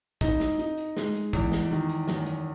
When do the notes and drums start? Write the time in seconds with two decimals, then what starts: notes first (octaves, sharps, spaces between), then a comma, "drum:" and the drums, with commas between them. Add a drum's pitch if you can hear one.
0.21 D#4, drum: kick, hi-hat
0.40 drum: snare
0.59 D#4, drum: hi-hat
0.77 drum: hi-hat
0.97 G#3, drum: snare
1.15 drum: hi-hat
1.33 E2, drum: kick, hi-hat
1.52 drum: snare
1.71 D#3, drum: hi-hat
1.89 drum: hi-hat
2.07 F#2, drum: snare
2.26 drum: hi-hat